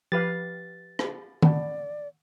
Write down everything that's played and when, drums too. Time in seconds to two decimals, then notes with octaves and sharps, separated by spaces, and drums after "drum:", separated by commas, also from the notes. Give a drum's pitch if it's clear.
0.12 F3 G4 B4 F5 A6
0.99 drum: rim click
1.42 D5 F#5 A5 B5, drum: tom D#3